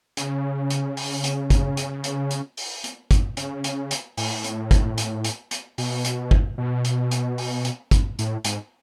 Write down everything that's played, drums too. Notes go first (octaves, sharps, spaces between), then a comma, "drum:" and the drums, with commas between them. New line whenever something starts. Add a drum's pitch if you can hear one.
C#3, drum: hi-hat
drum: hi-hat
drum: open hi-hat
drum: hi-hat
drum: kick, hi-hat
drum: hi-hat
drum: hi-hat
drum: hi-hat
drum: open hi-hat
drum: hi-hat
drum: kick, hi-hat
C#3, drum: hi-hat
drum: hi-hat
drum: hi-hat
A2, drum: open hi-hat
drum: hi-hat
drum: kick, hi-hat
drum: hi-hat
drum: hi-hat
drum: hi-hat
B2, drum: open hi-hat
drum: hi-hat
drum: kick
B2
drum: hi-hat
drum: hi-hat
drum: open hi-hat
drum: hi-hat
drum: kick, hi-hat
A2, drum: hi-hat
G#2, drum: hi-hat